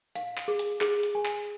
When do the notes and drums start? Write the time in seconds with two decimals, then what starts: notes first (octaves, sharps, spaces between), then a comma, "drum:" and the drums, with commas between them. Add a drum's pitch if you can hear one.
0.15 F5, drum: hi-hat
0.37 drum: clap
0.48 G#4
0.59 drum: hi-hat
0.81 G#4, drum: clap
1.03 drum: hi-hat
1.15 G#5
1.25 drum: clap